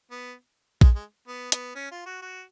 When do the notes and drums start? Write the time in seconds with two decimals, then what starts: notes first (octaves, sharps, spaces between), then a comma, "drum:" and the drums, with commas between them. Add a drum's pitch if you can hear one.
0.11 B3
0.81 G#3, drum: kick
0.95 G#3
1.28 B3
1.52 B3, drum: hi-hat
1.75 C#4
1.91 F4
2.06 F#4
2.22 F#4